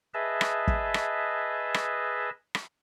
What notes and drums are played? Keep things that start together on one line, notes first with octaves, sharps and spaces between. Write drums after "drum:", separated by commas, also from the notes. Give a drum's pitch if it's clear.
G#4 B4 D#5 E5 A5
drum: rim click
drum: kick
drum: rim click
drum: rim click
drum: rim click